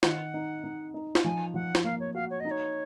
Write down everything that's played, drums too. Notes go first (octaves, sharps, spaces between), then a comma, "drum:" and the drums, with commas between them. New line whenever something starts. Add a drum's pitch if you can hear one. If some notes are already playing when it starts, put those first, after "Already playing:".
D#3 F#5, drum: snare F4
D#4
D#4
D#4
drum: snare F4
F3 G#5
F3 F#5
drum: snare F4
A#3 F5
C#5
F#4 F5
C#5
D#4 D#5
C#5